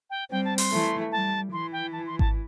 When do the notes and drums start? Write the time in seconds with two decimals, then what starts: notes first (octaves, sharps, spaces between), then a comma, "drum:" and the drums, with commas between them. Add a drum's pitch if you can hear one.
0.10 G5
0.31 G3 C4 G5
0.45 A5
0.58 C6, drum: open hi-hat
0.72 E3 A3
1.12 G3 A5
1.52 E3 C6
1.72 G5
1.93 A5
2.06 C6
2.19 A5, drum: kick G#1